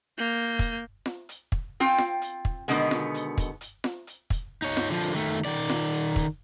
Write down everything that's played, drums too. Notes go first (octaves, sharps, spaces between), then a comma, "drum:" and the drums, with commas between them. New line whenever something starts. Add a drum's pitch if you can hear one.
A#3 G6
drum: kick, hi-hat
drum: snare F4
drum: hi-hat
drum: kick
C4 F4 G5
drum: snare F4
drum: hi-hat
drum: kick
B2 D3 D#3 G#3 B3, drum: hi-hat
drum: snare F4
drum: hi-hat
drum: kick, hi-hat
drum: hi-hat
drum: snare F4
drum: hi-hat
drum: kick, hi-hat
D#4 C#5
drum: snare F4
D3 F3
drum: hi-hat
D#3 A3
D#3 D5
drum: snare F4
drum: hi-hat
drum: kick, hi-hat